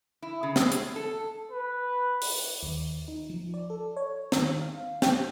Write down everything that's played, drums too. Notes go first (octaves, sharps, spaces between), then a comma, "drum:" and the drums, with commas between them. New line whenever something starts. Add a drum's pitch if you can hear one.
E4
C#3
G#3, drum: snare
drum: hi-hat
A4
B4
drum: open hi-hat
D#2
D#4
F3
D5
A4
C#5
D#3, drum: snare
F5
G5, drum: snare